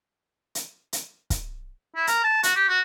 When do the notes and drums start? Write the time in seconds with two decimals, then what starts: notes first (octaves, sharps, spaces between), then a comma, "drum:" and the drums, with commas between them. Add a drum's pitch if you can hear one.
0.55 drum: hi-hat
0.93 drum: hi-hat
1.30 drum: kick, hi-hat
1.95 E4
2.07 A#4, drum: hi-hat
2.24 A5
2.43 F#4, drum: hi-hat
2.56 G4
2.68 F#4